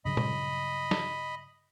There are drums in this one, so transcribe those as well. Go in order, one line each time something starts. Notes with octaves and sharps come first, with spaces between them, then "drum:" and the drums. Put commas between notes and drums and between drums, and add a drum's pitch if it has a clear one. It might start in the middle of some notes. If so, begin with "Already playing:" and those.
G2 C#3 F#3 D#5 B5
drum: tom A#2
drum: snare